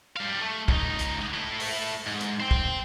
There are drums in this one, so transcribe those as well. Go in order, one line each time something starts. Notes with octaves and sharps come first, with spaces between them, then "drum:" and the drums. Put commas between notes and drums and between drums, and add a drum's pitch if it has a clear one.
G3 F5
A3
C#2 D#4, drum: kick
drum: hi-hat
A3 E4
drum: open hi-hat
G#2
drum: hi-hat
C5 G5
drum: kick